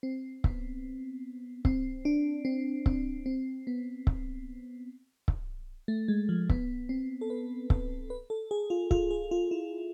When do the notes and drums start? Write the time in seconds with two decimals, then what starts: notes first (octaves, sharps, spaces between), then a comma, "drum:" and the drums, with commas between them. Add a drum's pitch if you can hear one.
0.03 C4
0.44 B3, drum: kick C#1
1.65 C4, drum: kick C#1
2.05 D4
2.45 C4
2.86 C4, drum: kick C#1
3.26 C4
3.67 B3
4.07 drum: kick C#1
5.28 drum: kick C#1
5.88 A3
6.08 G#3
6.29 F3
6.49 B3, drum: kick C#1
6.89 C4
7.21 A4
7.30 B4
7.70 A4, drum: kick C#1
8.10 B4
8.30 A4
8.51 G#4
8.70 F4
8.91 F4, drum: kick C#1
9.11 G#4
9.31 F4
9.51 E4